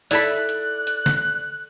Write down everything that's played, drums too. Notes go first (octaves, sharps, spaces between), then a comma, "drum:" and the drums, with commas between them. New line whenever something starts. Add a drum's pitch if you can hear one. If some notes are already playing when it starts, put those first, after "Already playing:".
E4 A4 D5 B5 F#6, drum: open hi-hat
drum: hi-hat
drum: hi-hat
drum: snare